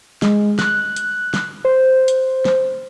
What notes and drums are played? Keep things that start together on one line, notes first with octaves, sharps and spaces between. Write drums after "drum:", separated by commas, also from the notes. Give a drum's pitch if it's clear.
G#3, drum: snare
F#6, drum: snare
drum: hi-hat
drum: snare
C5
drum: hi-hat
drum: snare